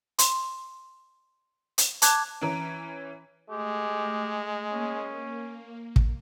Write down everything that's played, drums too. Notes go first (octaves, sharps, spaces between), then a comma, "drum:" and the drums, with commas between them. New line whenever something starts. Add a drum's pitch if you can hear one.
C6, drum: hi-hat
drum: hi-hat
A5 D6 F#6 G#6, drum: hi-hat
E3 C#4 A#5 D7
G#3 A3 G4
A#3 C#4
drum: kick